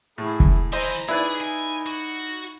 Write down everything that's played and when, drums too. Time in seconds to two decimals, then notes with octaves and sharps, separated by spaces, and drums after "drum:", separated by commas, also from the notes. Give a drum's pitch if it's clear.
0.18 A2 E4 G#4
0.40 drum: kick
0.73 E4 C5 D#5 G#5 A#5
1.09 D#4 E4 G#4 B4 D5
1.41 G#5
1.86 F#4